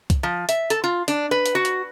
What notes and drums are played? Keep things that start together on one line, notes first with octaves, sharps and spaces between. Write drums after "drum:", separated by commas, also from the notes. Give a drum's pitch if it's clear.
drum: kick C2, hi-hat
F3
E5, drum: hi-hat
A4, drum: hi-hat
F4
D4, drum: hi-hat
B4
drum: hi-hat
F#4
drum: hi-hat